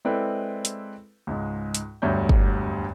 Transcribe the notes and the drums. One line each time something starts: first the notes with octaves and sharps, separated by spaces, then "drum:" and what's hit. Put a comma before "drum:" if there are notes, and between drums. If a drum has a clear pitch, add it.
G#3 C4 E4 A4 B4 D5
drum: hi-hat
C#2 G#2 G#3
drum: hi-hat
E1 D2 G2 C#5 E5 G6
drum: kick